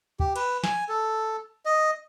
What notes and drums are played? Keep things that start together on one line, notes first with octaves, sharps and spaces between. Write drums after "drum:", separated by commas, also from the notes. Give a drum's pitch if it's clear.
G4, drum: kick
B4, drum: cymbal
G#5, drum: snare
A4
D#5